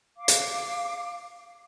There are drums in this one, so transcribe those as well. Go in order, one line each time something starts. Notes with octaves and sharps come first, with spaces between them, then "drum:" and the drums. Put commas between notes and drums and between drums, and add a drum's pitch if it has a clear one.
F5 D6
drum: hi-hat